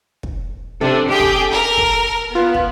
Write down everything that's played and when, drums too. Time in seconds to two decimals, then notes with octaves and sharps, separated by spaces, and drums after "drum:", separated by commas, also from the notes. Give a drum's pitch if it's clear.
0.23 drum: kick
0.81 C3 D4 A4
1.09 G4 G#4 G5
1.20 drum: kick
1.52 A#4
1.77 drum: kick
2.35 B3 F4
2.54 drum: kick